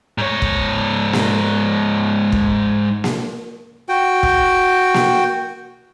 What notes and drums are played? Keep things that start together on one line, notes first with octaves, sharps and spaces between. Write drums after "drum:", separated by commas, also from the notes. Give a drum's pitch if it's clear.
G#2 C#5
drum: kick
drum: snare A#3
drum: kick
drum: snare A#3
F#4 G5
drum: kick
drum: snare A#3